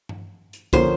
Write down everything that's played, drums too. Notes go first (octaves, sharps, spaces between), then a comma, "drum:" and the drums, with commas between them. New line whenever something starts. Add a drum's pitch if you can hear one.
drum: tom G2
drum: hi-hat
D3 F3 A#3 C#4 C5, drum: kick